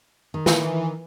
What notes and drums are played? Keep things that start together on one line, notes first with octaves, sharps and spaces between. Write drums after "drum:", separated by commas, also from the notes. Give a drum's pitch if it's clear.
D#3
E3, drum: snare